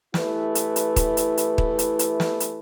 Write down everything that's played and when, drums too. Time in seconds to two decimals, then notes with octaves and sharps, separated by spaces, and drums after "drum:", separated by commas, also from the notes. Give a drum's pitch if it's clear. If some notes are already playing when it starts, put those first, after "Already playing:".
0.14 E3 A3 E4 G4 B4, drum: snare
0.55 drum: hi-hat
0.76 drum: hi-hat
0.96 drum: kick, hi-hat
1.17 drum: hi-hat
1.37 drum: hi-hat
1.58 drum: kick
1.79 drum: hi-hat
1.99 drum: hi-hat
2.20 drum: snare
2.40 drum: hi-hat